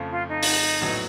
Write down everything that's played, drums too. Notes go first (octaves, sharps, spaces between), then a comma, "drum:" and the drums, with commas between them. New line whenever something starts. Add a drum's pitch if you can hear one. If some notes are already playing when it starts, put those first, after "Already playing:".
Already playing: F2 C#3 F3 A3
F4
D#4
drum: open hi-hat
A#1 A2 F#3 B3